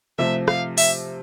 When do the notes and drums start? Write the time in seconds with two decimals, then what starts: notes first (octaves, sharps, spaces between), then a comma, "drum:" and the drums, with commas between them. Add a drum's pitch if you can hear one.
0.19 C3 F3 A3 E5
0.48 F5, drum: rim click
0.78 E5, drum: open hi-hat